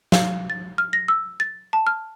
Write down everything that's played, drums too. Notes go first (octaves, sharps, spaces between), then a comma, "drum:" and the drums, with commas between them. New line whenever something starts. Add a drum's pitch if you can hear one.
F5, drum: snare
A6
F6
A#6
E6
A6
A5
F6